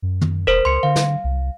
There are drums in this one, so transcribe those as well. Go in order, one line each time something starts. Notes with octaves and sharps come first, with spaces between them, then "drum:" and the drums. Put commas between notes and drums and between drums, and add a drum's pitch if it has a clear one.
F#2
drum: tom
E1 A#4 C5
C#2 C6 C#7
D3 F5
drum: snare
C2